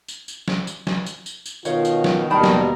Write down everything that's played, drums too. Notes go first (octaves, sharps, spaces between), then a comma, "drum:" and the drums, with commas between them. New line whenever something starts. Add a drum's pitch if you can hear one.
drum: tambourine
drum: tambourine
drum: snare
drum: tambourine
drum: snare
drum: tambourine
drum: tambourine
drum: tambourine
B2 D#3 F4 C#5 F5, drum: tambourine
drum: tambourine
drum: snare
D#2 B2 D#3 G3 A#4 G5 A5 B5
drum: snare